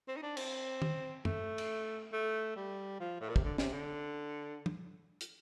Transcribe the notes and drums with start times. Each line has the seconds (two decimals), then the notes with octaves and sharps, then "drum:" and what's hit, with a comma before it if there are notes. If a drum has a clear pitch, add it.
0.08 C4
0.17 D#4
0.22 D4
0.37 C4, drum: cymbal
0.82 drum: tom
1.25 A3, drum: tom F#2
1.58 drum: cymbal
2.12 A3
2.56 G3
3.00 F3
3.21 A2
3.29 A#2
3.36 C3, drum: kick
3.44 D3
3.58 C3, drum: snare
3.73 D3
4.66 drum: tom
5.21 drum: hi-hat